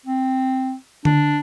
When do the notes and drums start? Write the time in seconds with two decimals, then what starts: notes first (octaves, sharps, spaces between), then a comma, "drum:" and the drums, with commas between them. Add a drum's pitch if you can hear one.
0.06 C4
1.05 D4, drum: tom D3